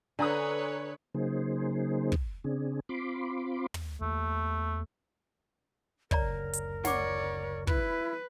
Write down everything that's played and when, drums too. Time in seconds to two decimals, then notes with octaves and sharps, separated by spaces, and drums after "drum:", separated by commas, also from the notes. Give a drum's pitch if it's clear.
0.19 D3 A4 B4 C#5 G#5 A#5 D#6
1.14 C#3 F#3 A#3 D#4 G#4 C5
2.12 drum: kick
2.44 C#3 C4 D4 G#4
2.89 C4 F4 B5 C6 D6
3.74 drum: tom
4.01 E2 A3 A#3
6.11 F#1 D2 C#3 A#4 C#5 D5 A#5, drum: kick
6.53 drum: hi-hat
6.85 C#5 D5 F#5 D6, drum: snare
7.67 E4 B4, drum: kick